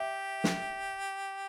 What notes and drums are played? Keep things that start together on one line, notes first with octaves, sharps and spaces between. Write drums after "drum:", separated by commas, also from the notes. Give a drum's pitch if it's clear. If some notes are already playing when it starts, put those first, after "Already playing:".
Already playing: G4 E5
drum: snare